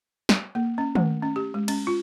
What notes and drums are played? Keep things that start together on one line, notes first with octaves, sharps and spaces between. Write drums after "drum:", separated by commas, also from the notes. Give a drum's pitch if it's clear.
drum: snare
A#3
C#4
A3, drum: tom D#3
C#4
G4
G#3
C#4, drum: cymbal
F4